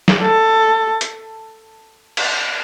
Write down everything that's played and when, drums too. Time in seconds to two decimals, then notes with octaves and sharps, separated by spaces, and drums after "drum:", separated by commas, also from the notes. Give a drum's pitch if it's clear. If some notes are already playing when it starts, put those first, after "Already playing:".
0.08 drum: snare
0.22 A4
1.01 drum: hi-hat
2.17 drum: cymbal